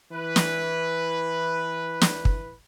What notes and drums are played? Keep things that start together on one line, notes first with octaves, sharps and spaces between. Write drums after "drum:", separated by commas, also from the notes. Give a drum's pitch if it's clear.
E3 B4
drum: snare
drum: snare
drum: kick